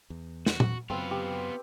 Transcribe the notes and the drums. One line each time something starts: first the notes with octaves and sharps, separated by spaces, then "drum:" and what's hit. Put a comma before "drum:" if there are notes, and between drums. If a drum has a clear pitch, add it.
E2
F#4, drum: snare
drum: tom
F#2 C#3 F#3 B3 C4 F4 B4 E6
G4